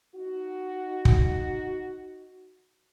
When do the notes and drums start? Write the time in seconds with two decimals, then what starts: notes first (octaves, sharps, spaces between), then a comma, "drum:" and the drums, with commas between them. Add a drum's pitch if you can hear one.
0.14 D#4 F#4
1.05 drum: kick